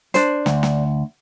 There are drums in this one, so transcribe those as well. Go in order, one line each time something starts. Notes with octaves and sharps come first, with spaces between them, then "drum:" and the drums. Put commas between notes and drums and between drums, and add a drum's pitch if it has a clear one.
D4 C5, drum: hi-hat
D2, drum: snare
drum: snare